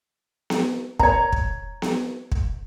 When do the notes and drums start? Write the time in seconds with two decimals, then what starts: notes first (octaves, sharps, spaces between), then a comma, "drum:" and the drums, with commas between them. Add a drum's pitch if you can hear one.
0.50 drum: snare B3
0.99 C#5 A#5, drum: kick
1.33 drum: kick
1.82 drum: snare B3
2.32 drum: kick